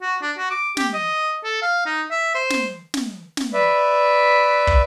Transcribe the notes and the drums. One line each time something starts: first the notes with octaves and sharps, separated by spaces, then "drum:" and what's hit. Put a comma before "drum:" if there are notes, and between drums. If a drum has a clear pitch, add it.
F#4
D4
F#4
D6
G4, drum: snare
D#5
A4
F5
D#4
E5
C5
drum: snare
drum: snare
drum: snare
B4 D5 E5
drum: kick